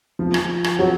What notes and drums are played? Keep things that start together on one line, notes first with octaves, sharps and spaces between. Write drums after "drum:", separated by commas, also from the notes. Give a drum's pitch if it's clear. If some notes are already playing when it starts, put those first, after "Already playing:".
F3
drum: rim click
drum: rim click
F#3